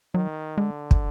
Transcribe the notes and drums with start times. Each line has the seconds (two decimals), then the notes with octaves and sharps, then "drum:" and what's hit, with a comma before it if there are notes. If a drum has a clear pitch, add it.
0.14 D#3 F#3
0.57 D3 G#3
0.91 drum: kick